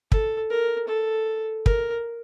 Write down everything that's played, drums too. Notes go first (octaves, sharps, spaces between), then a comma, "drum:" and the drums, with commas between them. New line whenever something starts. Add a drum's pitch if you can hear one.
A4, drum: kick
A#4
A4
A#4, drum: kick